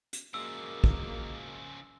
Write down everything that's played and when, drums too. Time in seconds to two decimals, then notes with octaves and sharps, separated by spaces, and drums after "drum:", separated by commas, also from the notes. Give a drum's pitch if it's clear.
0.13 drum: hi-hat
0.34 F#2 C#3 F3 G#3 A#3 E6
0.84 drum: kick